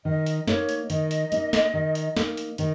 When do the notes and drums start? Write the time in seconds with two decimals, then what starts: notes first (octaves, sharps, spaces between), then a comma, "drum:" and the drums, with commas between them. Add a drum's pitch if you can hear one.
0.05 D#3 D#5
0.26 drum: hi-hat
0.47 A#3 D#4 C#5, drum: snare
0.69 drum: hi-hat
0.90 D#3 D#5, drum: hi-hat
1.11 drum: hi-hat
1.32 A#3 D#4, drum: hi-hat
1.53 drum: snare
1.74 D#3
1.95 drum: hi-hat
2.16 A#3 D#4, drum: snare
2.37 drum: hi-hat
2.58 D#3 D#5, drum: hi-hat